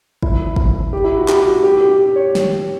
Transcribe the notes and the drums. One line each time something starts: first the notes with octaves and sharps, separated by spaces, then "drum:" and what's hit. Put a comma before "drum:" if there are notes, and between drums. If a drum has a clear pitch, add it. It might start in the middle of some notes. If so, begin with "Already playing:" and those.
E4, drum: kick
drum: kick
G4
E4
F#4
G4, drum: clap
F#4
G4
G4
C#5
drum: snare